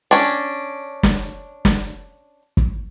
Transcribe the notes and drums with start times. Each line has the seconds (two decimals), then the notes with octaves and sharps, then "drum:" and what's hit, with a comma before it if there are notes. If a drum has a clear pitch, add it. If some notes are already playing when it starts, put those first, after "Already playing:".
0.11 C#4 D4
1.03 drum: snare
1.65 drum: snare
2.57 drum: kick